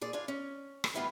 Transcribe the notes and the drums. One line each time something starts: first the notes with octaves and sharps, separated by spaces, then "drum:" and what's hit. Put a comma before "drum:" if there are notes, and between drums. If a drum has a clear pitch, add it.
A#2 G#4 D5
D4 F4 G#5
C#4
drum: rim click
D2 G2 E3 B3 F4 F5